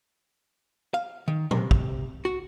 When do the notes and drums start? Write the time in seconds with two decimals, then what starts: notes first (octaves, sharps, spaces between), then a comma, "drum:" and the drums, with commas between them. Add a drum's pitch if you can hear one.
0.94 F5
1.28 D#3
1.51 C3, drum: tom A#2
1.71 drum: kick
2.25 F#4